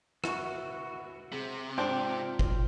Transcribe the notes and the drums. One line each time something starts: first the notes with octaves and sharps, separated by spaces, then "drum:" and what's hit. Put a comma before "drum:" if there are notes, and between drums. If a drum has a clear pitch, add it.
E4 F#4 C#6, drum: rim click
C3 G#4
G#2 C4 D4 F4 D5 G5 D6
drum: kick G1